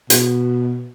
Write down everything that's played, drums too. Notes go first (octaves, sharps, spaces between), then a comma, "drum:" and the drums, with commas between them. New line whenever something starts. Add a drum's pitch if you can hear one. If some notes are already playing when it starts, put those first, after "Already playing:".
B2, drum: hi-hat